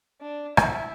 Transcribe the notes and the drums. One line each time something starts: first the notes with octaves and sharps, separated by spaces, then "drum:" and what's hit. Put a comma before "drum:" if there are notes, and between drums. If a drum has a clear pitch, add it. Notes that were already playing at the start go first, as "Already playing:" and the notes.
D4
E4, drum: rim click